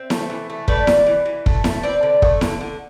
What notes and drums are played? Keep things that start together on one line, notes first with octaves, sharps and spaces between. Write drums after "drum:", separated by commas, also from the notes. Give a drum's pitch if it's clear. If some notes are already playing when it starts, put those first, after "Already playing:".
Already playing: C4 E5
A3, drum: snare E4
E3
A3
A3 B4 D5, drum: kick
E3, drum: snare E4
E3
E3
A3, drum: kick
A3, drum: snare E4
C4 B4 D5
D3
A3, drum: kick
D3, drum: snare E4
D3